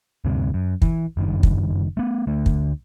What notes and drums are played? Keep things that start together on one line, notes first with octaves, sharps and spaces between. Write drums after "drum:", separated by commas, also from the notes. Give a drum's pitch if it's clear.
D2 G2 C3
F#2
E3, drum: kick
F#1 G2 D#3
drum: kick
A3 B3
D2 A3
drum: kick